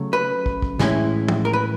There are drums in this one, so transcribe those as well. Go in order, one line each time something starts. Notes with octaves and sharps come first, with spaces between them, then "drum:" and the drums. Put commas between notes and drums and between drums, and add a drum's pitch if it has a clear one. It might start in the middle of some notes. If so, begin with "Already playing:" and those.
Already playing: C#3 F#3 A3
B4
drum: kick
drum: kick
A2 E3 G#3 C#4 E4, drum: snare
drum: tom
A#4
B4